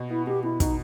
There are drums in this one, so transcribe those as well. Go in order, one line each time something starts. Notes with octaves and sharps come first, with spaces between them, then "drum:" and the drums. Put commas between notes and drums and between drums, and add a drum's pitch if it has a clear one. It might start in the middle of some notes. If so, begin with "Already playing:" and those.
Already playing: B2
B3 E4
B2 G4
B2 E4
B2 D#4, drum: kick, hi-hat